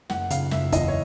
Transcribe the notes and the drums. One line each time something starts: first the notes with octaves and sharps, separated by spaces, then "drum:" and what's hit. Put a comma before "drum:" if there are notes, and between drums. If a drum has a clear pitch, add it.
F#1 F#5, drum: snare
C#3 F5, drum: hi-hat
F#1 E5, drum: snare
E2 D#5, drum: kick, hi-hat
C#5